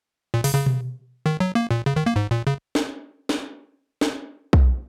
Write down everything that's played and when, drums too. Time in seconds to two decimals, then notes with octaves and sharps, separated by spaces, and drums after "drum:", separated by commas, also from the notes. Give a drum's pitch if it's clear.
0.34 A#2
0.44 C#3, drum: open hi-hat
0.55 C#3
0.66 drum: tom B2
1.26 D#3
1.40 F#3
1.55 A#3
1.71 A#2
1.86 C#3
1.96 D#3
2.06 A#3
2.16 G#2
2.31 A#2
2.47 C#3
2.75 drum: snare
3.29 drum: snare
4.01 drum: snare
4.53 drum: kick